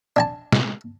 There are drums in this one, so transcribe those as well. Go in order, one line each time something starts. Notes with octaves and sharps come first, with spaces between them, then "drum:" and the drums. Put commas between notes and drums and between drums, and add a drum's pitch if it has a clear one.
D4 G#5 A5
drum: snare